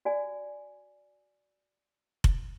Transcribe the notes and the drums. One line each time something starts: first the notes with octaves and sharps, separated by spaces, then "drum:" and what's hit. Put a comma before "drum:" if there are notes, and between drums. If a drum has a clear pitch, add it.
F#4 D5 G#5
drum: kick F1